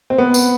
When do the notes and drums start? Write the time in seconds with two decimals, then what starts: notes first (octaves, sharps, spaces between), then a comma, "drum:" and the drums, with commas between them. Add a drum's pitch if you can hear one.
0.10 C4
0.18 B3
0.34 drum: tambourine